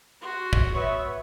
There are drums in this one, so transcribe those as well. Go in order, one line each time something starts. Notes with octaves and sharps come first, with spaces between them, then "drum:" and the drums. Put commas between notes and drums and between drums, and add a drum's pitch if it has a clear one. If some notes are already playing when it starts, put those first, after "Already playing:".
F#4 C6
drum: kick
B3 B4 C#5 E5